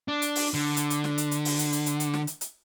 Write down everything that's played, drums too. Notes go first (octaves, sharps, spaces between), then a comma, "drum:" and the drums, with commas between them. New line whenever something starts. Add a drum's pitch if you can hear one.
D4
drum: hi-hat
drum: open hi-hat
D3
drum: hi-hat
drum: hi-hat
drum: snare
drum: hi-hat
drum: hi-hat
drum: open hi-hat
drum: hi-hat
drum: hi-hat
drum: hi-hat
drum: hi-hat
drum: snare
drum: hi-hat
drum: hi-hat